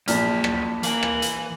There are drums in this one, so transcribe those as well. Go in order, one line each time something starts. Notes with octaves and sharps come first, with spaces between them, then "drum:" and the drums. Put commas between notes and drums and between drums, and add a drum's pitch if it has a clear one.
A#1 F#2 A#2 A5 F6 B6, drum: hi-hat
drum: rim click
E3 A#3 G#5 F#7, drum: hi-hat
drum: rim click
drum: hi-hat